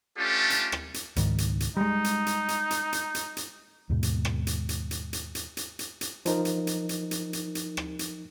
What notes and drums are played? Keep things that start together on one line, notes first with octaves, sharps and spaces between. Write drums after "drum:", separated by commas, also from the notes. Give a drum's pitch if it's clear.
A3 C#4 D4 F4 G4 A4
drum: hi-hat
drum: rim click
drum: hi-hat
C#2 G#2 D#3, drum: hi-hat
drum: hi-hat
drum: hi-hat
G3 G#3 D#4
drum: hi-hat
drum: hi-hat
drum: hi-hat
drum: hi-hat
drum: hi-hat
drum: hi-hat
drum: hi-hat
D#2 G#2 B2 G#3
drum: hi-hat
drum: rim click
drum: hi-hat
drum: hi-hat
drum: hi-hat
drum: hi-hat
drum: hi-hat
drum: hi-hat
drum: hi-hat
drum: hi-hat
F3 D#4 A#4, drum: hi-hat
drum: hi-hat
drum: hi-hat
drum: hi-hat
drum: hi-hat
drum: hi-hat
drum: hi-hat
drum: rim click
drum: hi-hat